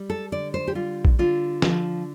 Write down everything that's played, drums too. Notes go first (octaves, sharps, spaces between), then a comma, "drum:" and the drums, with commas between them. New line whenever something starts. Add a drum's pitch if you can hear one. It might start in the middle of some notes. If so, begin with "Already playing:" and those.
Already playing: G3
A4
D3 D5
C5
G4
G3 F4
drum: kick A#1
D3 F4
F3, drum: snare